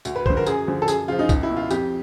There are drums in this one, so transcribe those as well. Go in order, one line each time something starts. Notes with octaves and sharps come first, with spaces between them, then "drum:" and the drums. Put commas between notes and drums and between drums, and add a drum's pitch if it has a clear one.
D2, drum: tambourine
B4
D3 F3 C5, drum: kick
A#4
F#2 G#4, drum: tambourine
D3 F3
A4
F#2 G#4, drum: tambourine
C#3 F3 F4
D#4
C#2, drum: kick, tambourine
E4
B2
F4
F2 G4, drum: tambourine